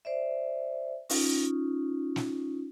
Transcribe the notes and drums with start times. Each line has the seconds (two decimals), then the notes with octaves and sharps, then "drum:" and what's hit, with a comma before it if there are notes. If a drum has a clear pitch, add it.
0.05 C5 D5 E5
1.10 C#4 D#4 F4, drum: open hi-hat
2.16 drum: snare